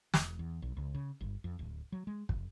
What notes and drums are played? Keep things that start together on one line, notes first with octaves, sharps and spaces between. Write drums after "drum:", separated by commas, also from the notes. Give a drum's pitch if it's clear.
E1, drum: snare
E2
B1
C#2
C#3
G1
F2
D1
F#3
G#3
F1, drum: kick